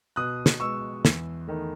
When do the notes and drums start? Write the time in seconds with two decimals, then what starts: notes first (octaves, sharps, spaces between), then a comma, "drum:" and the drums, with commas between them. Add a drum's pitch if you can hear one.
0.16 B2 D#6 F#6
0.46 drum: snare
0.60 G#3 B3 C#6 E6
1.05 E2, drum: snare
1.48 D#3 A3